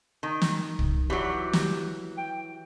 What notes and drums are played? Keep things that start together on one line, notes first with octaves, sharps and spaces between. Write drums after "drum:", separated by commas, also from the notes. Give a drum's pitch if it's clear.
D#3
drum: snare
drum: kick
E3 F#3 G4
drum: snare
G5